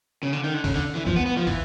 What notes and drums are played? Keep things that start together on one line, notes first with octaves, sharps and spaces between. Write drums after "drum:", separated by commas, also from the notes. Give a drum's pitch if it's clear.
C#3
D3
D#3
D3
C#3, drum: kick, open hi-hat
D3
E3
F3, drum: kick
B3
B3
F3
E3, drum: kick, open hi-hat